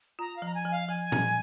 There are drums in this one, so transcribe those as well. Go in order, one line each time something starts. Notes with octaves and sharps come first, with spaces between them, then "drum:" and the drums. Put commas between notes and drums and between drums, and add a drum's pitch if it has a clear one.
F4 A#5
F5
F3 A#5
G#5
F3
F5
F3 G#5
F3, drum: tom A#2